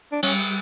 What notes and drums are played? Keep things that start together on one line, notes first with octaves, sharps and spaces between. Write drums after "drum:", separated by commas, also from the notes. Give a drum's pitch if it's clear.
D4
G3 C#4, drum: cymbal